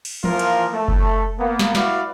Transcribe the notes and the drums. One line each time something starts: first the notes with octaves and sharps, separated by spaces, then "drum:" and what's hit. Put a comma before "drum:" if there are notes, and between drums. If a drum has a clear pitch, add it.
drum: cymbal
E3 F3 A#3 F4 A#4, drum: tom E3
drum: cymbal
A3
drum: kick F#1
A#3 B3
drum: snare
E4 F#4 B4 D5 F5, drum: snare